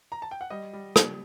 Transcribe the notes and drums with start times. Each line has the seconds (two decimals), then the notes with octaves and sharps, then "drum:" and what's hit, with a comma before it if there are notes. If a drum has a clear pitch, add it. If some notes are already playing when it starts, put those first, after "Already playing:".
0.12 A#5
0.22 A5
0.31 G5
0.41 F#5
0.50 G3 D#5
0.73 G3
0.96 G3, drum: rim click